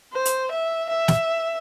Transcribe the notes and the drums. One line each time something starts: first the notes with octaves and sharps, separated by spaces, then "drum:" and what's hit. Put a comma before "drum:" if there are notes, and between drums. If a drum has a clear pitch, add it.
C5
drum: hi-hat
E5
E5
drum: snare